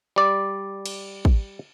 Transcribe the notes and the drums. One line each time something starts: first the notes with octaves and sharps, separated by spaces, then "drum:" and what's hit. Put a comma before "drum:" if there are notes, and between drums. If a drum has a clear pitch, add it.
G3 D5
drum: cymbal
drum: kick